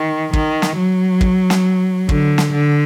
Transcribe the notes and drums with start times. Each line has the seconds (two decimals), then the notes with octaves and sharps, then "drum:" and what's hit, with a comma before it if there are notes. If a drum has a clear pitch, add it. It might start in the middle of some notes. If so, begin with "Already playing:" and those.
Already playing: D#3
0.33 D#3, drum: kick
0.62 drum: snare
0.77 F#3
1.21 drum: kick
1.50 drum: snare
2.09 D3, drum: kick
2.38 drum: snare
2.53 D3